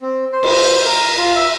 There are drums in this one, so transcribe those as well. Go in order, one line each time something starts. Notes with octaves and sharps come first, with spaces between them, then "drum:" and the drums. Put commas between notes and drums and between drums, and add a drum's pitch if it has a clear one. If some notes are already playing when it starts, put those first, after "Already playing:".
C4
C5
drum: cymbal
A#4
F4
E5